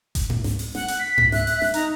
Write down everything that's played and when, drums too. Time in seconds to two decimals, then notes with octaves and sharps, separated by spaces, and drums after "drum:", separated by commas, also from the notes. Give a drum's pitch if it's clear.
0.15 drum: kick F#1, hi-hat
0.30 drum: tom G#2
0.44 drum: snare
0.59 drum: open hi-hat
0.75 F#5, drum: snare
0.88 drum: hi-hat
0.99 B6
1.18 drum: tom G#2
1.32 E5 F#6, drum: snare
1.47 drum: open hi-hat
1.62 drum: snare
1.74 D#4 A#5, drum: hi-hat